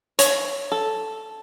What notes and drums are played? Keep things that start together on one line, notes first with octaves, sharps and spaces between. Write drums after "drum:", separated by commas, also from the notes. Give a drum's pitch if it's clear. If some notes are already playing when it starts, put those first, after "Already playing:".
C#5, drum: hi-hat
A4